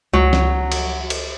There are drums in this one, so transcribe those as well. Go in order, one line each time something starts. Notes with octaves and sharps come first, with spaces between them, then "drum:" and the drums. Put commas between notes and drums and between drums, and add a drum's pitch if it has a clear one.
C#2 F#3
drum: snare
drum: cymbal
drum: cymbal